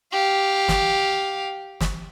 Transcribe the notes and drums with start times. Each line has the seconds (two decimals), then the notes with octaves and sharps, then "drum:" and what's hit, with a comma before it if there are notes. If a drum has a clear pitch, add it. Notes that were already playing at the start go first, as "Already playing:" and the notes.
0.12 G4 F5
0.68 drum: snare
1.81 drum: snare